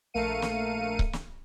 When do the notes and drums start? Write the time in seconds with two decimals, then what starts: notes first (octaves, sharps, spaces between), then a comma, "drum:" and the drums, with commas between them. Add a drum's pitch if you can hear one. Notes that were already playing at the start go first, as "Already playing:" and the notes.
0.14 A#1 A3 A#4 F5 C#7 D#7
0.42 drum: snare
0.99 drum: kick C#1
1.13 drum: snare